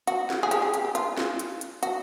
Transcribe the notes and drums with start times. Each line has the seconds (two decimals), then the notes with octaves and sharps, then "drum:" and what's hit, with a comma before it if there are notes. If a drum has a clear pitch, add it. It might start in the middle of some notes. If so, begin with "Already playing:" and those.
0.07 F#4, drum: hi-hat
0.30 drum: snare
0.43 G#4
0.51 G4, drum: hi-hat
0.62 G#4
0.74 G4, drum: hi-hat
0.85 G4
0.95 F4, drum: hi-hat
1.17 drum: snare
1.39 drum: hi-hat
1.61 drum: hi-hat
1.83 F#4, drum: hi-hat